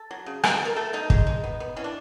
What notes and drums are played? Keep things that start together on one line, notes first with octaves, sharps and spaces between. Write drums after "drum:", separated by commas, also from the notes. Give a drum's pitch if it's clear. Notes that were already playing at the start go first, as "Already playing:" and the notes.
Already playing: A4
F#3
C#3
B2 G#4, drum: rim click
A4
B2
A#4
A3 A4
B2 D#4
G#3, drum: kick
G#3
B3
B3
E3 C#4
D4